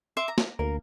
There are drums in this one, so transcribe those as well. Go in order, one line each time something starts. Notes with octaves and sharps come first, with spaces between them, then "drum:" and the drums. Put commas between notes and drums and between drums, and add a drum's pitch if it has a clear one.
E5 C6 D6
A#5
drum: snare
D2 A#3 A#4